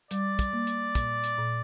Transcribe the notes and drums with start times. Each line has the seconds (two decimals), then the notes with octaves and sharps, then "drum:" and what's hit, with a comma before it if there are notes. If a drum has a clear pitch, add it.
0.11 G3 D5, drum: hi-hat
0.39 drum: kick, hi-hat
0.53 A#3
0.67 drum: hi-hat
0.95 A#2, drum: kick, hi-hat
1.24 drum: hi-hat
1.38 A#2